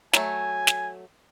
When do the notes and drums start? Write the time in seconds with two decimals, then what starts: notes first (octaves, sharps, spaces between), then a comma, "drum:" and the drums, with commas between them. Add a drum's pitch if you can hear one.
0.13 F#3 A3 G#5, drum: snare
0.67 drum: snare